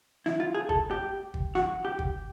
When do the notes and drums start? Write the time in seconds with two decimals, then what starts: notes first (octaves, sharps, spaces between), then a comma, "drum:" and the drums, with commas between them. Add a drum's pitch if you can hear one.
0.26 E4, drum: snare
0.40 F4
0.55 G#4
0.69 A4, drum: kick
0.91 G4
1.34 drum: kick
1.55 F#4, drum: snare
1.85 G4
1.99 drum: kick